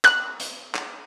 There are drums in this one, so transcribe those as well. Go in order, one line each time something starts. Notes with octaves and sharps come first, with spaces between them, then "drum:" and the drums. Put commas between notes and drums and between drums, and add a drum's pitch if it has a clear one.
F#6, drum: clap
drum: hi-hat
drum: clap